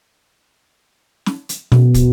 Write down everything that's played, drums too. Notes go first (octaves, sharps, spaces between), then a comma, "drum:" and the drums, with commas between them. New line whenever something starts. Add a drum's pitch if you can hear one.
drum: snare
drum: hi-hat
B2, drum: snare
drum: kick, hi-hat